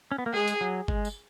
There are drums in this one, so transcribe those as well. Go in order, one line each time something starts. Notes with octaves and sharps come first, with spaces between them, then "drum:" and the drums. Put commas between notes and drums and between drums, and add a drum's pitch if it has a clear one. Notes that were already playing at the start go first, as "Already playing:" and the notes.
C#4
B3
A#3
G#3 G#4
drum: hi-hat
F#3
G#3, drum: kick G1
drum: tambourine